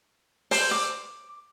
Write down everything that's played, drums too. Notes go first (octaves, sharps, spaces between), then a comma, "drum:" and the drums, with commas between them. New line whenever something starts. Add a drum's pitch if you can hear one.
C5, drum: open hi-hat
D6